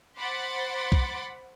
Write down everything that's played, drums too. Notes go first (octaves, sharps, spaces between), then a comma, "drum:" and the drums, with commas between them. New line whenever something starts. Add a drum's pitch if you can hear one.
C5 F#5 B5 C6 D6 A6
drum: kick B1